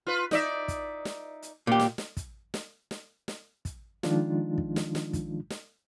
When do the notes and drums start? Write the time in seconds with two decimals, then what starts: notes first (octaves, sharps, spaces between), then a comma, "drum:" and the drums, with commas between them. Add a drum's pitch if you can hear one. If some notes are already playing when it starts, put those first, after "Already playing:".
0.07 F4 B4
0.31 D#4 D5 E5, drum: snare
0.68 drum: kick, hi-hat
1.05 drum: snare
1.42 drum: hi-hat
1.67 A#2 G4
1.80 drum: snare
1.98 drum: snare
2.17 drum: kick, hi-hat
2.54 drum: snare
2.91 drum: snare
3.28 drum: snare
3.65 drum: kick, hi-hat
4.03 D#3 F3 G#3 D4 D#4 F4, drum: snare
4.58 drum: kick
4.76 drum: snare
4.95 drum: snare
5.13 drum: kick, hi-hat
5.50 drum: snare